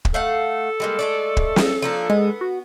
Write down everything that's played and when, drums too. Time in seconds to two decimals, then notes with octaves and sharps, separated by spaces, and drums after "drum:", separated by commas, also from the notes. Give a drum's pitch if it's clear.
0.05 drum: kick
0.14 A3 A4 F5 F#5
0.80 G3 G#3 A#3
0.99 G#3 A3 D5
1.37 drum: kick
1.56 drum: snare
1.82 F3 A#3 D4
2.10 G#3 B3
2.41 F#4